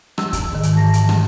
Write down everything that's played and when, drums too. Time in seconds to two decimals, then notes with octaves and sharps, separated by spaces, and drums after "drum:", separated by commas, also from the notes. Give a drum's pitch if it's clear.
0.18 E6, drum: rim click
0.33 drum: kick, hi-hat
0.52 G#2 D#3
0.63 drum: hi-hat
0.74 E3 A5 A#6
0.94 drum: hi-hat
1.09 drum: rim click